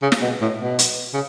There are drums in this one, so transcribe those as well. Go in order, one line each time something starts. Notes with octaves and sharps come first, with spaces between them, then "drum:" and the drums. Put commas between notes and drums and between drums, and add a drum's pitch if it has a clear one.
C#3
drum: snare
B2
A2
B2
drum: hi-hat
C#3